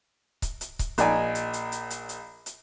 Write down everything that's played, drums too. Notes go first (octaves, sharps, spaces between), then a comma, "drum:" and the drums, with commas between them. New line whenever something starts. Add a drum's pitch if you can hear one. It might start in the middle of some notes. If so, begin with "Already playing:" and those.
drum: kick C#1, hi-hat
drum: hi-hat
drum: kick C#1, hi-hat
A#1 D#4 D5 G#5, drum: hi-hat
drum: hi-hat
drum: hi-hat
drum: hi-hat
drum: hi-hat
drum: hi-hat
drum: hi-hat